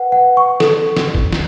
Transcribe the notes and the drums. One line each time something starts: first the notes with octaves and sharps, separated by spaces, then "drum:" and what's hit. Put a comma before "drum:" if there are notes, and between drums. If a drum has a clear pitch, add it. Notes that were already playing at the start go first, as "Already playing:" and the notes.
Already playing: B4 F#5
F#5
C#6
A4, drum: snare
drum: snare
drum: kick
drum: snare